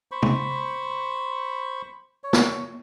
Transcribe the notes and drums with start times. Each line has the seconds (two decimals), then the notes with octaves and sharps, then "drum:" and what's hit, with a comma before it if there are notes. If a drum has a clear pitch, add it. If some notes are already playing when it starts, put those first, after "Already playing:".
0.11 C5 B5 C#6
0.22 drum: tom
2.24 C#5
2.33 drum: snare